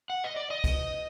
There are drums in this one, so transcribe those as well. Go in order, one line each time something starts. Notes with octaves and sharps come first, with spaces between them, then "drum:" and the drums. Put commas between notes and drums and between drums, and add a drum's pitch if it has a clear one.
F#5
D#5
D5
D#5
drum: kick, cymbal